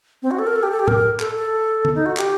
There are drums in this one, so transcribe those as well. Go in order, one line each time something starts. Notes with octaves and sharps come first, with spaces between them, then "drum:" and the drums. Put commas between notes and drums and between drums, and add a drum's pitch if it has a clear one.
C4
F#4
A4
A#4
A4
G4
A4
G4
A#4, drum: tom A2
A4, drum: clap
A4
drum: tom
D#4
F#4
G4, drum: clap